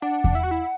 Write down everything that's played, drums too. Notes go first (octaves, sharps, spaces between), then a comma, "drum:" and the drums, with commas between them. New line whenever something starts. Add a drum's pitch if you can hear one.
D4 F#5
drum: kick E2
E4
F#4
E4